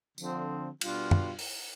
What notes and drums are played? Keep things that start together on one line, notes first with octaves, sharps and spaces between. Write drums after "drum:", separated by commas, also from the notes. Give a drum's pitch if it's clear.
D3 F3 C4, drum: tambourine
B2 G3 D4 F4, drum: cymbal
drum: tom F#2
drum: open hi-hat